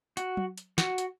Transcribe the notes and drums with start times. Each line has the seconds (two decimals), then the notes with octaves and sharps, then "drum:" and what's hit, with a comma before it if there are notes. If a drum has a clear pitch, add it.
0.17 F#4, drum: hi-hat
0.37 drum: tom F#3
0.58 drum: hi-hat
0.78 F#4, drum: snare
0.98 drum: hi-hat